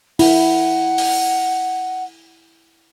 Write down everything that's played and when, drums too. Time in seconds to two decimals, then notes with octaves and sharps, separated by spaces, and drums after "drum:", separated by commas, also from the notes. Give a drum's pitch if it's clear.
0.19 E4 F#5, drum: open hi-hat
0.98 drum: open hi-hat